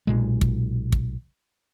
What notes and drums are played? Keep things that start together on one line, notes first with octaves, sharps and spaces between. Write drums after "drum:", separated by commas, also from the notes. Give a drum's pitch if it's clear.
B1 A#2 G#3
drum: kick
drum: kick